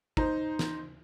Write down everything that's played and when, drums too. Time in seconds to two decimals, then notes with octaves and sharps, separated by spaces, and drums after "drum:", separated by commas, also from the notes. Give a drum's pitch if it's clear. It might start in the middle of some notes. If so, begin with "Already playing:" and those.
0.17 D#4 C5, drum: kick
0.59 drum: snare